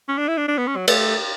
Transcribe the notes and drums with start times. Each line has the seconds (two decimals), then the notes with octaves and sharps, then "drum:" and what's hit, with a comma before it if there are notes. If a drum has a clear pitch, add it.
0.09 C#4
0.18 D4
0.28 E4
0.38 D4
0.48 D4
0.58 B3
0.68 C#4
0.77 F#3
0.88 A3, drum: cymbal